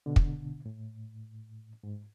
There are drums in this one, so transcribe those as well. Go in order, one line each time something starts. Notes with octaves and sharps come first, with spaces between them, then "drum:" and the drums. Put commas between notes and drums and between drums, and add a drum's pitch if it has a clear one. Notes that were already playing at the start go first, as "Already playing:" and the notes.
B2 D3
drum: kick
A2
G#2